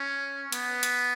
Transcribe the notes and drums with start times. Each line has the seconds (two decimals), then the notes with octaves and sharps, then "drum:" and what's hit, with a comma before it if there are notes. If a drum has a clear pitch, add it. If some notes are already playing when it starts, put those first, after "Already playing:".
Already playing: C#4
0.52 B3, drum: hi-hat
0.83 drum: hi-hat